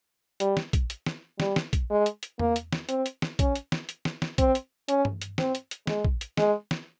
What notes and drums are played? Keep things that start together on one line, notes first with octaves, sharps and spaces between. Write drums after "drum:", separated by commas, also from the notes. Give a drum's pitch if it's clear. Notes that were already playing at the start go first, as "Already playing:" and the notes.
G3, drum: hi-hat
drum: snare
drum: kick A#1, hi-hat
drum: hi-hat
drum: snare
G3, drum: snare
drum: snare
drum: kick A#1, hi-hat
G#3
drum: hi-hat
drum: hi-hat
A#3, drum: tom E2
drum: hi-hat
drum: snare
C4, drum: hi-hat
drum: hi-hat
drum: snare
C#4, drum: kick A#1, hi-hat
drum: hi-hat
drum: snare
drum: hi-hat
drum: snare
drum: snare
C4, drum: kick A#1, hi-hat
drum: hi-hat
C#4, drum: hi-hat
drum: tom G2
drum: hi-hat
C4, drum: snare
drum: hi-hat
drum: hi-hat
G#3, drum: snare
drum: kick A#1
drum: hi-hat
G#3, drum: snare
drum: snare